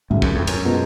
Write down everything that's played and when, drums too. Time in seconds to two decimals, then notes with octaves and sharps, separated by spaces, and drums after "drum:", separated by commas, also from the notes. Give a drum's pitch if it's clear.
0.10 D2 G#2 C#3 F#3
0.22 F#2, drum: kick
0.35 F2
0.47 F#2, drum: cymbal
0.65 B2 G#3 B3 F4